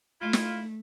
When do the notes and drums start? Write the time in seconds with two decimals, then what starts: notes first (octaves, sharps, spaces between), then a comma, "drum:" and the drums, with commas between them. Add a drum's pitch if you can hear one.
0.21 A3 E4 F4
0.33 drum: snare